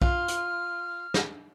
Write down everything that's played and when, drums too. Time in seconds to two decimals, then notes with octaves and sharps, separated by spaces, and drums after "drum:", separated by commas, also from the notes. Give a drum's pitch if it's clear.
0.02 F4 F6, drum: kick
0.28 drum: hi-hat
1.14 drum: snare